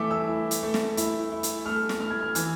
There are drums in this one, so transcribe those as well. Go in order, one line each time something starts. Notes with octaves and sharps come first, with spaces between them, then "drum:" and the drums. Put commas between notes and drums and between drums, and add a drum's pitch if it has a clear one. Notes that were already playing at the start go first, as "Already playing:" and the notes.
Already playing: E3 A3 E5 D6
E6
E4
drum: hi-hat
A3
drum: snare
E4, drum: hi-hat
E4
drum: hi-hat
A3 F6
drum: snare
E4 F6
G#6
F6
E3 G#6, drum: hi-hat